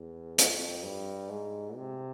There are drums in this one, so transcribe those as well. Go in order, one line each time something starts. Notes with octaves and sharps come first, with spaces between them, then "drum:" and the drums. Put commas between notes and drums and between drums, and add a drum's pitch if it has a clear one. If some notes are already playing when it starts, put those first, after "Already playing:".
Already playing: E2
F2, drum: hi-hat
G2
G#2
C3